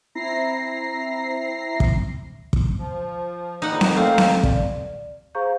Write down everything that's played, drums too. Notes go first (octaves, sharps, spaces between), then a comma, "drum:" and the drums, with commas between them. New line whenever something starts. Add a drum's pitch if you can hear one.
C4 E4 A#5 A#6 C7
drum: kick
drum: kick
F3
F2 G3 A#3 D#4 F#5
drum: snare C4
A3 C4 F5
drum: snare C4
D5, drum: kick
G#4 C5 F5 A#5 C#6 G6